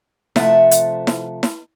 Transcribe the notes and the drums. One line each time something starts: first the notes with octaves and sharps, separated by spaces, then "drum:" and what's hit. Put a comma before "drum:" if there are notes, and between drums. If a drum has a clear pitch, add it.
C3 F3 A3 E5 F#5 A5, drum: snare E4
drum: hi-hat
drum: snare E4
drum: snare E4